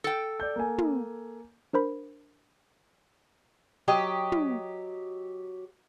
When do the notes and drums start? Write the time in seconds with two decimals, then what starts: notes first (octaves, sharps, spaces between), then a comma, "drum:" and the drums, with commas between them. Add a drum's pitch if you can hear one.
0.04 A4 G5
0.40 D5 G6
0.56 A#3 G#5
0.78 drum: tom
1.73 D4 A#4 C5 B5
3.88 F#3 G4 D#5
4.32 drum: tom